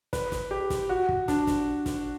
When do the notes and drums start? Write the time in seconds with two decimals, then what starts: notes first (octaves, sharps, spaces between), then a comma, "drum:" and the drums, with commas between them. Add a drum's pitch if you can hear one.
0.13 B4, drum: snare
0.32 drum: snare
0.51 G4
0.70 drum: snare
0.89 F#4
1.09 drum: kick
1.28 D4, drum: snare
1.47 drum: snare
1.86 drum: snare